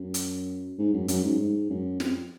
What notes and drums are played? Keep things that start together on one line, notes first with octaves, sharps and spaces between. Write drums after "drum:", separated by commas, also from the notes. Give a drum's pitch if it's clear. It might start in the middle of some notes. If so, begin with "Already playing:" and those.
Already playing: F#2
drum: hi-hat
G#2
F#2
F#2, drum: hi-hat
G#2
G#2
F#2
F2, drum: snare